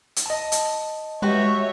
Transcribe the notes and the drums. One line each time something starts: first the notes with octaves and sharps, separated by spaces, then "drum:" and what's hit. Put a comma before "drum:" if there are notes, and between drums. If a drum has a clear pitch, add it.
drum: hi-hat
D#5 A5
drum: hi-hat
G#3 F#4 G4 B4 C#5 E5